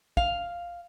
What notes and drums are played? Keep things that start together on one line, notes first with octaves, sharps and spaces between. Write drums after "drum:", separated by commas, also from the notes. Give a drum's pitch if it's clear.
F5, drum: kick